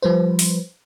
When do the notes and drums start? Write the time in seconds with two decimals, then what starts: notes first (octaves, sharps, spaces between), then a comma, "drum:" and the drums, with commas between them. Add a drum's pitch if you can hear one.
0.02 F3 G3 B4 C5
0.39 drum: open hi-hat